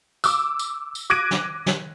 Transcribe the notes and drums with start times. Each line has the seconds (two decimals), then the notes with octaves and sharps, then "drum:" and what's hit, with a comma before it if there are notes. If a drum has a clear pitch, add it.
0.24 D6 E6, drum: tambourine
0.59 drum: tambourine
0.95 drum: tambourine
1.10 D6 F#6 G#6 A#6 D7 D#7
1.31 drum: snare
1.66 drum: snare